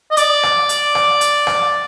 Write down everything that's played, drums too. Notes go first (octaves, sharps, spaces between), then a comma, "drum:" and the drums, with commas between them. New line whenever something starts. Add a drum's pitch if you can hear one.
D#5
D5, drum: hi-hat
drum: rim click
drum: hi-hat
drum: rim click
drum: hi-hat
drum: rim click